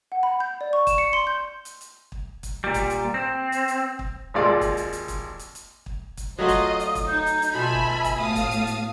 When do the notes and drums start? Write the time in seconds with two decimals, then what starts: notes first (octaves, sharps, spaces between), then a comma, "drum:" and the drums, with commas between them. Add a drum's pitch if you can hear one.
0.12 F#5
0.23 B5
0.40 G6
0.61 D5
0.73 C#6
0.87 E7, drum: kick, hi-hat
0.98 C#7
1.13 C6
1.27 G6
1.65 drum: hi-hat
1.81 drum: hi-hat
2.12 drum: kick
2.43 drum: kick, hi-hat
2.64 A#2 G3
2.74 drum: kick, hi-hat
2.90 drum: hi-hat
3.14 C4
3.52 drum: hi-hat
3.68 drum: hi-hat
3.99 drum: kick
4.34 G#1 D#2 G#3 F4 D5
4.61 drum: kick, hi-hat
4.77 drum: hi-hat
4.93 drum: hi-hat
5.08 drum: kick, hi-hat
5.39 drum: hi-hat
5.55 drum: hi-hat
5.86 drum: kick
6.17 drum: kick, hi-hat
6.39 F#3 A3 F4 F#4 D#5 D#6
6.49 drum: kick, hi-hat
6.80 drum: hi-hat
6.95 drum: kick, hi-hat
7.08 D#4 G6
7.27 drum: hi-hat
7.42 drum: hi-hat
7.55 B2 F4 E5 G#5 A5 B5
7.73 drum: kick
8.05 drum: kick, hi-hat
8.21 A2 F5 A5 D#6
8.36 drum: kick, hi-hat
8.51 drum: hi-hat
8.67 drum: hi-hat